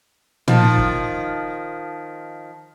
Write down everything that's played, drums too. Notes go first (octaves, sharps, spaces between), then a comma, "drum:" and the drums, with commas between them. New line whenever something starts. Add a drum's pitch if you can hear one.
D#3 F3, drum: tom
drum: kick